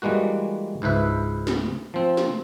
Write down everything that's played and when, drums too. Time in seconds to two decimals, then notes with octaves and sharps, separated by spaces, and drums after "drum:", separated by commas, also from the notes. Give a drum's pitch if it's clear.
0.02 E3 G3 G#3 A#3 F#4
0.82 C#2 G#2 E4 B4 E5
1.47 drum: snare
1.94 F3 C4
2.17 drum: snare